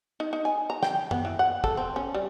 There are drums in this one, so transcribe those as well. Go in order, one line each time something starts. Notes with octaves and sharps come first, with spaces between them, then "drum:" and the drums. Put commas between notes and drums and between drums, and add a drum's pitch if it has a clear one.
D#4
D#4
G#5
A#5
G5, drum: snare
B3, drum: tom F#2
E3
F#5
A4, drum: kick
C4
C#4
G3